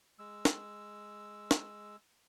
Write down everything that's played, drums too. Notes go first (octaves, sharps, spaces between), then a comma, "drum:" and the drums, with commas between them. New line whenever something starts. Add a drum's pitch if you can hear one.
G#3 E6
drum: snare
drum: snare